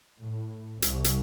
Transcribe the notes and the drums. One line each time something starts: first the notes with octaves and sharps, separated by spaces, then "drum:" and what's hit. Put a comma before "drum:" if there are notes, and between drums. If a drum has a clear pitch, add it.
A2
C2, drum: hi-hat
drum: hi-hat